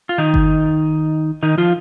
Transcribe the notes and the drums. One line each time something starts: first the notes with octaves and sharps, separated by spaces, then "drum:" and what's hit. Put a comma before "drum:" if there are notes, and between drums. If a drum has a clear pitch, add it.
F4
D#3 D#4
drum: kick G1
D#3 D#4
F3 F4